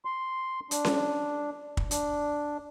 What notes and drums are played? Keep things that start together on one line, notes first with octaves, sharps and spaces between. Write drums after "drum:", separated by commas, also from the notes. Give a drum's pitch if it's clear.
C6
D4, drum: hi-hat
drum: snare C#4
drum: kick
D4, drum: hi-hat